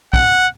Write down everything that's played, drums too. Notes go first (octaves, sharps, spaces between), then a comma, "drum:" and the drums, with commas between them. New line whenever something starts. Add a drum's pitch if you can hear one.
F#5, drum: kick